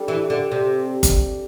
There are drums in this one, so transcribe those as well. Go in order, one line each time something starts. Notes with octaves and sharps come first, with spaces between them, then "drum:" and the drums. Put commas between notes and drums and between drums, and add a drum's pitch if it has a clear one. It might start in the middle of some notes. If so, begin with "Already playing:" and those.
Already playing: G3 D4 A4 D5
E3
D3
C3
drum: kick G1, hi-hat